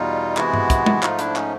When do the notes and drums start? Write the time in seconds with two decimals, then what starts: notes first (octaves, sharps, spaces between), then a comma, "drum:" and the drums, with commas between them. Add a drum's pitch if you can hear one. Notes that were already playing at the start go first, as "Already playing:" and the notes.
Already playing: E2 B2 G3 D#4 F4
0.37 C3 E3 G#3 B3 E4 F#4, drum: clap
0.54 drum: tom G2
0.70 drum: kick, hi-hat
0.86 drum: tom G#3
1.03 G#2 F3 A3 D#4 F4, drum: clap
1.19 D4 E4, drum: hi-hat
1.36 C#4 D#4, drum: clap